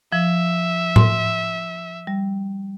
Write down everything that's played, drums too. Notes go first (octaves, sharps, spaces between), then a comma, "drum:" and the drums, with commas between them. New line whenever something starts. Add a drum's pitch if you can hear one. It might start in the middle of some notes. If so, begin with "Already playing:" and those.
F3 E5
C6, drum: tom A2
G3